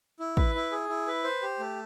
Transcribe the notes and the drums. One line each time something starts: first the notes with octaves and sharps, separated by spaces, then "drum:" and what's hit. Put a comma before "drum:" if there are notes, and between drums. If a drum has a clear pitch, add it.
E4
B4, drum: kick
E4
G#4
E4
B4
C5
G4
A3